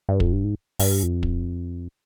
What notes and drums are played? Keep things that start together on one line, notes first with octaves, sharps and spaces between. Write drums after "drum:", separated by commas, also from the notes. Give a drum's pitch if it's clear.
G2
F2, drum: kick
G2
G#2
G2, drum: open hi-hat
F2
drum: kick